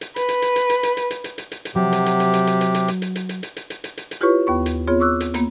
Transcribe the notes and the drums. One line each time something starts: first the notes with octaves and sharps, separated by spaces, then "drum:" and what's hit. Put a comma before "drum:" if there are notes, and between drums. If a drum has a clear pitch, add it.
drum: hi-hat
B4, drum: hi-hat
drum: hi-hat
drum: hi-hat
drum: hi-hat
drum: hi-hat
drum: hi-hat
drum: hi-hat
drum: hi-hat
drum: hi-hat
drum: hi-hat
drum: hi-hat
drum: hi-hat
C3 F#3 G4
drum: hi-hat
drum: hi-hat
drum: hi-hat
drum: hi-hat
drum: hi-hat
drum: hi-hat
drum: hi-hat
drum: hi-hat
drum: hi-hat
drum: hi-hat
drum: hi-hat
drum: hi-hat
drum: hi-hat
drum: hi-hat
drum: hi-hat
drum: hi-hat
drum: hi-hat
E4 F4 G4 B4 C#5 C#6
D#2 B3 C#6
drum: hi-hat
B3 C4 F4 G#4 C#5
C#6 D6 E6 F#6
drum: hi-hat
A#3 B3, drum: hi-hat